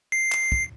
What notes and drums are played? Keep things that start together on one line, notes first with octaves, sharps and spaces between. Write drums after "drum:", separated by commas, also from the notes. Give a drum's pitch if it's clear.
C7
drum: clap
drum: kick